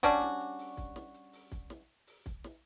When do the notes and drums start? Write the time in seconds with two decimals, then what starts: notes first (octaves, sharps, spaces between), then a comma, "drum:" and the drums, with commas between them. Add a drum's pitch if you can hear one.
0.03 G3 C#4 D4 F#4, drum: kick, hi-hat
0.22 drum: snare
0.40 drum: hi-hat
0.59 drum: open hi-hat
0.77 drum: kick, hi-hat
0.96 drum: snare
1.14 drum: hi-hat
1.33 drum: open hi-hat
1.52 drum: kick, hi-hat
1.70 drum: snare
2.07 drum: open hi-hat
2.26 drum: kick, hi-hat
2.44 drum: snare